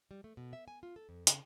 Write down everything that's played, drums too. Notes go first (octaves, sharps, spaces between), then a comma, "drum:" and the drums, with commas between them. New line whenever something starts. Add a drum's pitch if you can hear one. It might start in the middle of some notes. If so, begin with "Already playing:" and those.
G3
A3
B2
E5
G#5
F4
A4
F2
C#3, drum: hi-hat